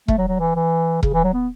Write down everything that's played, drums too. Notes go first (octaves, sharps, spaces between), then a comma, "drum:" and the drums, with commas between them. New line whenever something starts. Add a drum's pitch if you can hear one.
A3, drum: kick E1
F#3
F#3
E3
E3
C#3, drum: kick E1
E3
F#3
B3